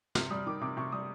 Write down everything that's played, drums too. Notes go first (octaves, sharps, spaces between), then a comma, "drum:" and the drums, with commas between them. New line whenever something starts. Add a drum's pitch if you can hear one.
C3 F6, drum: snare
G3 D#6
D#3 D6
C3 D6
C3 C#6
G3 D#6